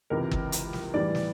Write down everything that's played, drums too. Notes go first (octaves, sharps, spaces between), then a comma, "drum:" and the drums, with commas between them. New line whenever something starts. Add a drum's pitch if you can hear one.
C#2 C3 E3 A#4
drum: kick G1
drum: hi-hat
drum: snare
A2 E3 G3 D5
drum: snare